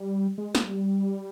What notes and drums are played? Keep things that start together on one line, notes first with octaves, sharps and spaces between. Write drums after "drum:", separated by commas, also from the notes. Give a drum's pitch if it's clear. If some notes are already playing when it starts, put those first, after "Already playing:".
Already playing: G3
G#3
drum: snare
G3